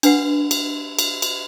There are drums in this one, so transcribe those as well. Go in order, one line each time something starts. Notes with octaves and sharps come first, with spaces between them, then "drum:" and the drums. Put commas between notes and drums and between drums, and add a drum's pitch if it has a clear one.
D4 B4 F#5, drum: cymbal
drum: cymbal
drum: cymbal
drum: cymbal